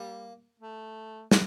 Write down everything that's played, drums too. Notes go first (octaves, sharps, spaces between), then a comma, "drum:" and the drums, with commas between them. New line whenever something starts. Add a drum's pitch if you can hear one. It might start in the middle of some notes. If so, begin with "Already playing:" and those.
Already playing: G3 A#3
A3
C4, drum: snare